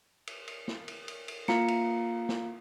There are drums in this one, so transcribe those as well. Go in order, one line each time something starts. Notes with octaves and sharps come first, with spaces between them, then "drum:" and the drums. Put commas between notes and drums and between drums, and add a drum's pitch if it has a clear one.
drum: cymbal
drum: cymbal
drum: snare
drum: cymbal
drum: cymbal
drum: cymbal
A#3 F4 F5 A#5 C#7, drum: snare
drum: cymbal
drum: snare